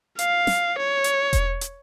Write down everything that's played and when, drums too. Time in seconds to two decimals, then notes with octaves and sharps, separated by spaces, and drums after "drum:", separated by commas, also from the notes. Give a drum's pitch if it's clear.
0.19 F5, drum: hi-hat
0.47 drum: snare
0.79 C#5
1.04 drum: hi-hat
1.33 drum: kick E1, hi-hat
1.61 drum: hi-hat